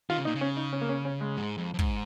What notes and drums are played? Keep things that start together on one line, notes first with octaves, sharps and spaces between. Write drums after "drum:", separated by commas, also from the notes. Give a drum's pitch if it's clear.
D#3 F4
C#3
A#2 D#4
C#3
C#4
D#4
C#4
A#3
C#4
C#4
G#3
G#2
F2
F2
G#2, drum: kick